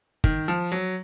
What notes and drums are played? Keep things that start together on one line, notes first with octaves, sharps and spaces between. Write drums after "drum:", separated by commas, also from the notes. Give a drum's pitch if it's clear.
D#3, drum: kick G1
F3
F#3